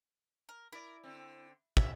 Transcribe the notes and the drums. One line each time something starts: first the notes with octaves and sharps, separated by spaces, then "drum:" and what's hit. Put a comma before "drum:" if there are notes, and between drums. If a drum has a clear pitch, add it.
A#4
E4 A#4 D5
D3 C4
G4 C#5 E5, drum: kick